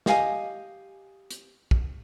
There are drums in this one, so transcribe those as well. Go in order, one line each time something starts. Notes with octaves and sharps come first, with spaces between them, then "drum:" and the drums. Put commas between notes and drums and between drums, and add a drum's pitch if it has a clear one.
G4 D#5 F5 G#5, drum: snare
drum: hi-hat
drum: kick